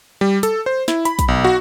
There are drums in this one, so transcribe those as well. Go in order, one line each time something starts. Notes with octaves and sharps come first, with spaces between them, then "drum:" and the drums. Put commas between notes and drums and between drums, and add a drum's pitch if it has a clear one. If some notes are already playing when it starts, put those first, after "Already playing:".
G3
A4, drum: hi-hat
C5
E4, drum: snare
B5, drum: hi-hat
drum: kick, hi-hat
B1
F#4